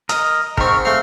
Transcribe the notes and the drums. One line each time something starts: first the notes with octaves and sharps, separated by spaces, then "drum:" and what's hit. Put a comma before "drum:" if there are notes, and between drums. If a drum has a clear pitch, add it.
A#4 D#5 D#6, drum: hi-hat
G#2 C4 A#4 C#6, drum: kick
A3 C4 F5